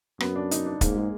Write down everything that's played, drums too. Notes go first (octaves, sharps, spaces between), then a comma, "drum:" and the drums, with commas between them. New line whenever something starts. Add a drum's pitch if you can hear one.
F#2 B3, drum: rim click
D4
D#4, drum: hi-hat
D4
G#2 A#3, drum: kick, hi-hat
G#3